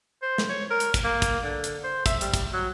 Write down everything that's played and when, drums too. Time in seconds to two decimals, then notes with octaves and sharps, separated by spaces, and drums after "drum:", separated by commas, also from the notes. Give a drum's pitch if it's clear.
0.22 C5
0.38 drum: snare
0.49 C#5
0.71 A#4
0.80 drum: hi-hat
0.94 drum: kick, hi-hat
1.04 A#3
1.22 drum: kick, hi-hat
1.44 D3
1.64 drum: hi-hat
1.84 C5
2.06 E5, drum: kick, hi-hat
2.21 G3, drum: hi-hat
2.34 drum: kick, hi-hat
2.53 F#3